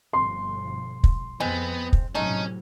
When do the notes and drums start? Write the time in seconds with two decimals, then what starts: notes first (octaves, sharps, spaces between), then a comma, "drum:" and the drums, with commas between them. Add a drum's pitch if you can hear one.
0.13 G1 B2 F3 C6
1.04 drum: kick
1.40 F2 G#3 B3 C4
1.93 drum: kick
2.15 A2 C3 F#3 G#3 A3 C#4 D#4